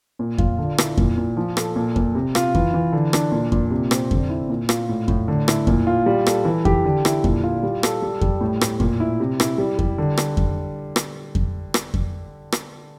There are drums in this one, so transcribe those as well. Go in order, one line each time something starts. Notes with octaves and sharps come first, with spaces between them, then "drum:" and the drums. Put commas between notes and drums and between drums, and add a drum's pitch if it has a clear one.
A#2
F4, drum: kick F2
D3
E4, drum: rim click
A#2, drum: kick F2
A#2
F3
A4, drum: rim click
A#2
A#2, drum: kick F2
C3
F4, drum: rim click
E3, drum: kick F2
E3
D3
D4, drum: rim click
A#2
A#2, drum: kick F2
C3
C4, drum: rim click
D3, drum: kick F2
E4
A#2
F4, drum: rim click
A2
A2, drum: kick F2
D3
E4, drum: rim click
A#2, drum: kick F2
F4
G3
A4, drum: rim click
E3
G4, drum: kick F2
D3
E4, drum: rim click
A#2, drum: kick F2
F4
G3
A4, drum: rim click
G3
G3, drum: kick F2
A2
A2, drum: rim click
A#2, drum: kick F2
E4
C3
E4, drum: rim click
G3
G3, drum: kick F2
D3
drum: rim click
drum: kick F2
drum: rim click
drum: kick F2
drum: rim click
drum: kick F2
drum: rim click